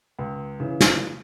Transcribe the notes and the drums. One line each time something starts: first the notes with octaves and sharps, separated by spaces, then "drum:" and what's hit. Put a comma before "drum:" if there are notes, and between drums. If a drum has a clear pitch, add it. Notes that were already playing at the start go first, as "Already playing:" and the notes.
C#2
C#3 E3
drum: snare